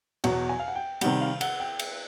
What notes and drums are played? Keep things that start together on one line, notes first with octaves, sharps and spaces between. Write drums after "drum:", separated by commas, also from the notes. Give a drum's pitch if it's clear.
E2 B2 F#3 F#5, drum: cymbal
G#5
F5
F#5
G5
C3 D#3 G3 F#5, drum: cymbal
F5
F#5, drum: cymbal
G5
drum: cymbal